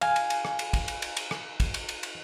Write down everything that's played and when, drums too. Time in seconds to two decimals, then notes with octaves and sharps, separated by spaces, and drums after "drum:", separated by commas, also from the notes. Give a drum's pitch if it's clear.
0.01 F5 G#5, drum: cymbal
0.16 drum: cymbal
0.30 drum: cymbal
0.45 drum: rim click
0.59 drum: cymbal
0.73 drum: kick, cymbal
0.88 drum: cymbal
1.02 drum: cymbal
1.17 drum: cymbal
1.31 drum: rim click
1.60 drum: kick, cymbal
1.74 drum: cymbal
1.89 drum: cymbal
2.03 drum: cymbal